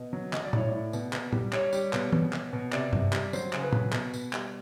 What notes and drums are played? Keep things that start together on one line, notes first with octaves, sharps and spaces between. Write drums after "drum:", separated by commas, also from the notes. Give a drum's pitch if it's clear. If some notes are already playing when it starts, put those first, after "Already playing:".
Already playing: B2 D#5
F#3
F#3 D#5, drum: clap
D5
A2 C#5, drum: tom A#2
A2 D5
B2, drum: tambourine
B2, drum: clap
G3, drum: tom A#2
G3 C#5, drum: clap
G3, drum: tambourine
B2, drum: clap
B2, drum: tom
B2, drum: clap
B2
C3 D5, drum: clap
C3, drum: tom G2
G3, drum: clap
F#3 C5, drum: tambourine
C#3, drum: clap
B4
F#3, drum: tom A#2
B2, drum: clap
B2, drum: tambourine
G3, drum: clap